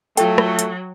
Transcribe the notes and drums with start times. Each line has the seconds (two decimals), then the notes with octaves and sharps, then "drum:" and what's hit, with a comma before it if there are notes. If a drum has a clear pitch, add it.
0.17 F#3 A3 F4 A4 G5, drum: hi-hat
0.38 drum: rim click
0.59 drum: hi-hat